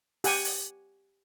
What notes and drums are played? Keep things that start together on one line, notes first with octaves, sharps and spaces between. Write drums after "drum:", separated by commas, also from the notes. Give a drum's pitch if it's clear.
G4 F#5 G#5, drum: open hi-hat
drum: open hi-hat